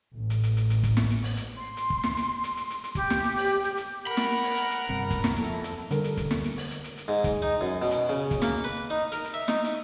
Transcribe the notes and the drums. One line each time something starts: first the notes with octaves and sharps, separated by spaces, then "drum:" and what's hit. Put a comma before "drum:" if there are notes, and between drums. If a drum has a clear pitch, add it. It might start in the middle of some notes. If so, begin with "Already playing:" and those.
A1
drum: hi-hat
drum: hi-hat
drum: hi-hat
drum: hi-hat
drum: kick, hi-hat
drum: snare
drum: hi-hat
drum: open hi-hat
drum: hi-hat
C6
drum: hi-hat
drum: kick
drum: snare
drum: hi-hat
drum: hi-hat
drum: hi-hat
drum: hi-hat
drum: hi-hat
G4, drum: kick, hi-hat
drum: snare
drum: hi-hat
drum: open hi-hat
drum: hi-hat
drum: hi-hat
A#4 F#5 B5
drum: snare
drum: hi-hat
drum: open hi-hat
drum: hi-hat
drum: hi-hat
G1 G2 C3
drum: kick, hi-hat
drum: snare
F2 E4 A4, drum: hi-hat
drum: hi-hat
D3 G3 A#4, drum: hi-hat
drum: hi-hat
drum: kick, hi-hat
drum: snare
drum: hi-hat
drum: open hi-hat
drum: hi-hat
drum: hi-hat
drum: hi-hat
G#2
drum: kick, hi-hat
D#4
F#2
B2
drum: hi-hat
C#3
drum: kick, hi-hat
A#3, drum: snare
B4
D#4
A#4, drum: hi-hat
drum: hi-hat
E5
D#4, drum: snare
drum: hi-hat